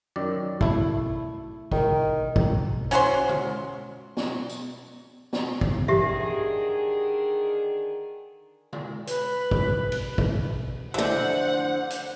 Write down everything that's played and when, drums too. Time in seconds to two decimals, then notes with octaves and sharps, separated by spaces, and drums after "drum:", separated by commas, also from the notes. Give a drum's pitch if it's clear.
0.16 F#2 D#3 D5
0.61 A3 E4, drum: kick
1.72 D#3, drum: kick
2.36 drum: kick
2.91 C#4 F#4 C5 C6, drum: hi-hat
3.29 drum: tom D3
4.17 drum: snare
4.49 drum: tambourine
5.33 drum: snare
5.61 drum: kick
5.88 D3 D#3 G4 G#4 E5, drum: tom G#2
8.73 drum: tom D3
9.07 B4, drum: hi-hat
9.51 drum: kick
9.92 drum: cymbal
10.18 drum: kick
10.94 F2 D3 E3 A3 C5 F#5
11.90 drum: hi-hat